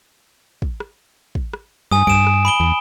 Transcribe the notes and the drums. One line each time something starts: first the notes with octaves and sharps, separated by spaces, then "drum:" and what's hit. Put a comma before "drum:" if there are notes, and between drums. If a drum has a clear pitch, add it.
drum: kick
drum: rim click
drum: kick
drum: rim click
G2 G#5 D#6
G2 D7 E7, drum: kick
drum: rim click
B5 D7 G7
E2